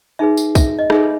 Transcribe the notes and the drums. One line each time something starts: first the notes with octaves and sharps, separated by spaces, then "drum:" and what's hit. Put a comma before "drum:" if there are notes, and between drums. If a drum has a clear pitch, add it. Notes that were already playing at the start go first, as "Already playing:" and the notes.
D#4 G#4 B4 E5
drum: tambourine
E5, drum: kick, tambourine
D#5
D#4 G#4 B4 E5, drum: rim click